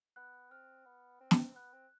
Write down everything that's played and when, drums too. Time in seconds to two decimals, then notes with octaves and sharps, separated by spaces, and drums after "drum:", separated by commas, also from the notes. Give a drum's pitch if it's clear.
0.16 B3 F#6
0.51 C4 F6
0.86 B3
1.21 C4
1.31 drum: snare
1.56 B3 F#6
1.73 C4